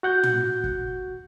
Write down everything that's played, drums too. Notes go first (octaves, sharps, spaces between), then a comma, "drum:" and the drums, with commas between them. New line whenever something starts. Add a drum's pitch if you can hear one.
F#4 F#5 G6
drum: tom
drum: kick